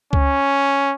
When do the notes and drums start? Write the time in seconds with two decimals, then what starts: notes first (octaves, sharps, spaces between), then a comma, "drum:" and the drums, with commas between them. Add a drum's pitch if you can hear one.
0.13 C#4, drum: kick C#2